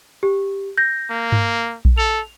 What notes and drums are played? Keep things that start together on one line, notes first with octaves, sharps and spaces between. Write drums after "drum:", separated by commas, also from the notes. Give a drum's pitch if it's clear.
G4
G6 A#6
A#3
drum: tom G2
drum: kick A#1
A4 F7